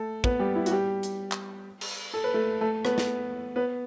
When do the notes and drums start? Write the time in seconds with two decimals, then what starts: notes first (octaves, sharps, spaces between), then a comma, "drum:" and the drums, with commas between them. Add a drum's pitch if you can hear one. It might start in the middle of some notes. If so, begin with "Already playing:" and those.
Already playing: A3 A4
0.24 B3 B4, drum: kick
0.39 G3 G4
0.55 E4
0.66 F#4, drum: hi-hat
0.71 G3 G4
1.03 drum: hi-hat
1.32 drum: clap
1.81 drum: cymbal
2.14 A4
2.24 B4
2.34 A3 A4
2.61 A3 A4
2.85 B3 B4, drum: rim click
2.98 drum: snare
3.56 B3 B4